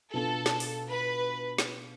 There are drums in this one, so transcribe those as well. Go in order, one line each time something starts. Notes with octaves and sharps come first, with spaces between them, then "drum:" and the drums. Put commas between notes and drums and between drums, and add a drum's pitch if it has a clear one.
B2 B3 D4 F4 A4
drum: snare
drum: open hi-hat
B4
drum: snare